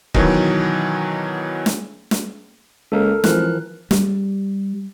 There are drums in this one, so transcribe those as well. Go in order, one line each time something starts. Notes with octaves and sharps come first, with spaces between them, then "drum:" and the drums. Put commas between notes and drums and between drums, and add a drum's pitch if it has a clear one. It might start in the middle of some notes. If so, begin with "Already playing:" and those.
B2 D#3 E3 F#3, drum: kick
drum: snare
drum: snare
C#2 A#3 A4 A#4
G#1 E3 F3 A#4 F#6, drum: snare
G3, drum: snare